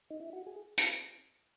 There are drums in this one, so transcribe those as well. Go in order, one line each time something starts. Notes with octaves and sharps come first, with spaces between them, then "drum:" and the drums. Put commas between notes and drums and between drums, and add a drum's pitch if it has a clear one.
D#4
E4
F#4
G#4
drum: hi-hat